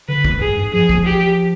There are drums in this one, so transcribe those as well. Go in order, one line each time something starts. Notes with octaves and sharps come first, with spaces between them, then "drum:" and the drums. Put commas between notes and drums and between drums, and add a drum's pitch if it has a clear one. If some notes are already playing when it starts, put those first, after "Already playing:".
D3 B4
drum: kick
G#2 G#4
G2
F3 G#4
drum: kick
G4